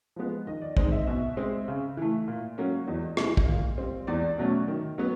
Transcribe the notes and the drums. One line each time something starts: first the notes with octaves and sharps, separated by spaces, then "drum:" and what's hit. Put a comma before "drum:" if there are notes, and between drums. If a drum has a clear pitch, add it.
F3 G#3 B3
D#3 D#5
D5
G#3 C4 D#4 D#5, drum: kick A#1
E5
B2 E5
G#3 C4
C#3
E3 A3
A#2
F#3 A#3 C#4
E2 D#5
C3 E3 G3, drum: rim click
drum: kick A#1
A#2
G3 C4
E2 D5
B2 F#3 A3 C#4
D#3
F#3 B3